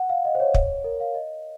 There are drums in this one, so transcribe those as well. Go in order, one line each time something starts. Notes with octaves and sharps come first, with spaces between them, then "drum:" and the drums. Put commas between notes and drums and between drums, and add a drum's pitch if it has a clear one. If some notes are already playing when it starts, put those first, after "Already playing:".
Already playing: F#5
F5
D#5
C5
C#5
drum: kick
A#4
F5
D#5